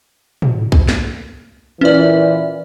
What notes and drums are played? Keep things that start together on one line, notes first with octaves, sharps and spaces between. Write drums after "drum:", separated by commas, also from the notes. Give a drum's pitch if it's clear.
drum: tom
drum: kick B1
drum: snare
A#2 E3 C#4 D5